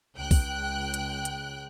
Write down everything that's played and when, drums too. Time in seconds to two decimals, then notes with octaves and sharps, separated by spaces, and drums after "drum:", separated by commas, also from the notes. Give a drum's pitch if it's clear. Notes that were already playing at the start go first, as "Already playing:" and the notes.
0.15 C#2 G5 F#6
0.31 drum: kick B1, open hi-hat
0.94 drum: hi-hat
1.25 drum: hi-hat